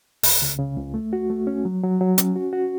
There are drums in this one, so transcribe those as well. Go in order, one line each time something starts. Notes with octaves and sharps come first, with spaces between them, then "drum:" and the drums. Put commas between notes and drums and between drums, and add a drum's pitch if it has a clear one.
C#2, drum: open hi-hat
C#3
C#3
C#2
A3
F#4
A3
C#4
F#3
F#3
F#3
C#4, drum: hi-hat
F#4
F#4